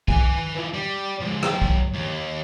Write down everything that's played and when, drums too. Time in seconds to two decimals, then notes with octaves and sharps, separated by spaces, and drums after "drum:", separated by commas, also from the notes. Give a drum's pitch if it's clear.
0.08 B4 G#5, drum: kick
0.55 E3 F3
0.74 G3
1.20 F3 G#3
1.43 F#3 G5, drum: rim click
1.62 drum: kick
1.94 D#2